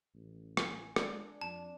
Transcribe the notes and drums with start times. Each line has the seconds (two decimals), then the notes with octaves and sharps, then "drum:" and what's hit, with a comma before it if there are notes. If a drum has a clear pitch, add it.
0.15 A1
0.57 G#5, drum: rim click
0.96 G#3 D4, drum: rim click
1.41 F2 A5